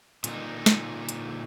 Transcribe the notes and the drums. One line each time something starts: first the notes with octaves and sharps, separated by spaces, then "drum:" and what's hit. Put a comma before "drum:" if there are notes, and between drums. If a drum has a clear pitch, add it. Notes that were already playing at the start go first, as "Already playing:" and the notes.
A#2 D3 D#4, drum: hi-hat
drum: snare
drum: hi-hat